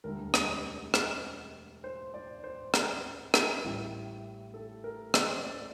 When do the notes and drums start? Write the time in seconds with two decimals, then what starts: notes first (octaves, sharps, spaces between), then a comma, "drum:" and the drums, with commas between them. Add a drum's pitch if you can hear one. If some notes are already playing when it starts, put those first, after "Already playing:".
0.04 E1 D2 D3 G3 A#4
0.34 drum: rim click
0.94 drum: rim click
1.84 C5
2.14 D5
2.44 C5
2.74 A#4, drum: rim click
3.34 drum: rim click
3.64 A1 A2 E3 G3
4.54 A4
4.84 A#4
5.14 C5, drum: rim click
5.44 D5